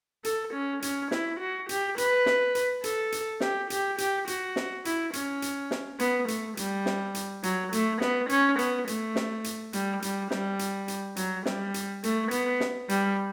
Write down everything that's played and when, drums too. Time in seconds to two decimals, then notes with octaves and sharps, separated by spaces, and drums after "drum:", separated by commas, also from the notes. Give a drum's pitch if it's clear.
0.24 A4, drum: hi-hat
0.53 C#4
0.82 C#4, drum: hi-hat
1.11 E4, drum: snare
1.40 F#4
1.69 G4, drum: hi-hat
1.98 B4, drum: hi-hat
2.26 drum: snare
2.55 drum: hi-hat
2.84 A4, drum: hi-hat
3.12 drum: hi-hat
3.40 G4, drum: snare
3.70 G4, drum: hi-hat
3.98 G4, drum: hi-hat
4.27 F#4, drum: hi-hat
4.56 drum: snare
4.85 E4, drum: hi-hat
5.13 C#4, drum: hi-hat
5.42 drum: hi-hat
5.71 drum: snare
5.99 B3, drum: hi-hat
6.28 A3, drum: hi-hat
6.57 G3, drum: hi-hat
6.86 drum: snare
7.15 drum: hi-hat
7.43 F#3, drum: hi-hat
7.73 A3, drum: hi-hat
8.01 B3, drum: snare
8.29 C#4, drum: hi-hat
8.59 B3, drum: hi-hat
8.87 A3, drum: hi-hat
9.16 drum: snare
9.44 drum: hi-hat
9.73 G3, drum: hi-hat
10.02 G3, drum: hi-hat
10.31 G3, drum: snare
10.59 drum: hi-hat
10.88 drum: hi-hat
11.16 F#3, drum: hi-hat
11.46 G3, drum: snare
11.74 drum: hi-hat
12.03 A3, drum: hi-hat
12.31 B3, drum: hi-hat
12.60 drum: snare
12.89 G3, drum: hi-hat